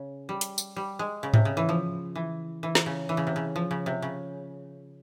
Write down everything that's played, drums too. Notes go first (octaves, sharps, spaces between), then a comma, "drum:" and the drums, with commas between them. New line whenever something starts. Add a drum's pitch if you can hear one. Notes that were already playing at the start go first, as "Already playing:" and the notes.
Already playing: C#3
G3
drum: hi-hat
drum: tambourine
G3
G#3
C#3
C3, drum: tom G#2
C#3
E3
F3
E3
E3
drum: snare
C#3
E3
C#3
C3
C#3
F3
C#3
C3
C#3